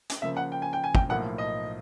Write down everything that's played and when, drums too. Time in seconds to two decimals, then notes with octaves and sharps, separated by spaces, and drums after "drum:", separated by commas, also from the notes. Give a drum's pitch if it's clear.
0.09 drum: hi-hat
0.22 C#3 F3 A#3 E5
0.37 F#5
0.52 G5
0.62 G#5
0.73 G5
0.84 G#5
0.95 G5, drum: kick
1.09 B1 A2 F3 A#3 F#5
1.38 D#5